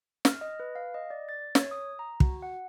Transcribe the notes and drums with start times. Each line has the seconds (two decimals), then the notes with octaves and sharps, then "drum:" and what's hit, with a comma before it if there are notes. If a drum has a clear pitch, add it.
0.25 F6, drum: snare
0.41 D#5
0.60 B4
0.75 F5
0.94 D#5
1.10 D5
1.29 A6
1.55 C#5, drum: snare
1.71 D#6
1.99 A#5
2.20 F#4, drum: kick
2.42 F#5